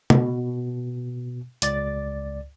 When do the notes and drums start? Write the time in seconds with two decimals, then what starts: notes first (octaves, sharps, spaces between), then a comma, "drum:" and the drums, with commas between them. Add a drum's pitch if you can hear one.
0.10 B2, drum: tom
1.62 C#2 D5 A6, drum: hi-hat